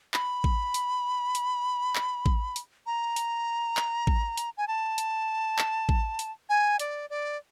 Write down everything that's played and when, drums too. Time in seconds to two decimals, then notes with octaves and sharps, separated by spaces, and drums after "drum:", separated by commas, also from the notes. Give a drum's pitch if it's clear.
0.14 B5, drum: clap
0.44 drum: kick A1
0.74 drum: hi-hat
1.35 drum: hi-hat
1.95 drum: clap
2.26 drum: kick A1
2.56 drum: hi-hat
2.86 A#5
3.16 drum: hi-hat
3.77 drum: clap
4.07 drum: kick A1
4.37 drum: hi-hat
4.57 G#5
4.68 A5
4.98 drum: hi-hat
5.58 drum: clap
5.89 drum: kick A1
6.19 drum: hi-hat
6.49 G#5
6.79 D5, drum: hi-hat
7.10 D5